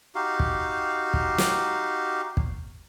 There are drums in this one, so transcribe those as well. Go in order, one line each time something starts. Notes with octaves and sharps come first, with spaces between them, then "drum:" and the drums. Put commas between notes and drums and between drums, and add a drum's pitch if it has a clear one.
D#4 F#4 G4 F5
drum: kick
drum: kick
drum: snare
drum: kick